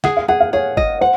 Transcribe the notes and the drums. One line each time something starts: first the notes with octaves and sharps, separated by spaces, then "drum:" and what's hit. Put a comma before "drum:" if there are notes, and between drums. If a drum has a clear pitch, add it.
G#4 F#5, drum: snare
F5
G#4 F#5
F5
G#4 C#5
D#5, drum: kick
C5 F#5